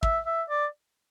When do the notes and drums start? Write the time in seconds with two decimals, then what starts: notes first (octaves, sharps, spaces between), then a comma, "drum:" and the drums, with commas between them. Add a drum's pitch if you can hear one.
0.03 E5, drum: kick
0.26 E5
0.50 D5